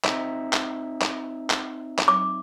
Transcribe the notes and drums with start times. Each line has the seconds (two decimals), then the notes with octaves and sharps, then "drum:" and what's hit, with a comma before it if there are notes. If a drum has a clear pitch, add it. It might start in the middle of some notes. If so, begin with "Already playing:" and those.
0.05 C4 D#4 E5, drum: clap
0.53 drum: clap
1.02 drum: clap
1.50 drum: clap
1.99 drum: clap
2.08 D6